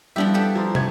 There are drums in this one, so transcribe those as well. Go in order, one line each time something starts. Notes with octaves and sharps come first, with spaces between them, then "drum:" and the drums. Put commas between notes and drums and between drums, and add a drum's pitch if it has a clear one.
F3 G3 B3 D4 E4 G4 E5
G4 A4 B4
F3 A#5 C6
A3 G#6, drum: tom